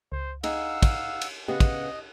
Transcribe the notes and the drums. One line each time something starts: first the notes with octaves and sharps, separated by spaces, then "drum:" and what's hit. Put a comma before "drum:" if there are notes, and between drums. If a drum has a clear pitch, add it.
C#2 C5
D#4 G#4 F5 F#5 E6, drum: cymbal
drum: kick, cymbal
drum: cymbal
C#3 B3 G4 D#5 F#5
drum: kick, cymbal